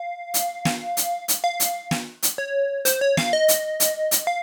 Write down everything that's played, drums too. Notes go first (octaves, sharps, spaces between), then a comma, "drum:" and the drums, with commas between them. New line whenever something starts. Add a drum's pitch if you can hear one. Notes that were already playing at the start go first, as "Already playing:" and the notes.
Already playing: F5
drum: hi-hat
drum: snare
drum: hi-hat
drum: hi-hat
F5
drum: hi-hat
drum: snare
drum: hi-hat
C#5
C5, drum: hi-hat
C#5
F5, drum: snare
D#5
drum: hi-hat
drum: hi-hat
drum: hi-hat
F5